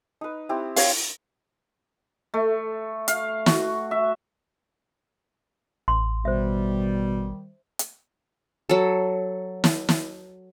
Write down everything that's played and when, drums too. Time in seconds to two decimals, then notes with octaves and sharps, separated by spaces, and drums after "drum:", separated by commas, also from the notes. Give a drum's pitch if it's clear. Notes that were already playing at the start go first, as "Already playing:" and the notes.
0.21 D#4 B4
0.49 C4 E4 G4
0.76 C#5 F5, drum: open hi-hat
2.34 A3
3.08 F5, drum: hi-hat
3.46 F#4, drum: snare
3.91 E5
5.88 A1 C6
6.25 B2 D#3 G3 C5 E5
7.79 drum: hi-hat
8.69 F#3 A4
9.64 drum: snare
9.89 drum: snare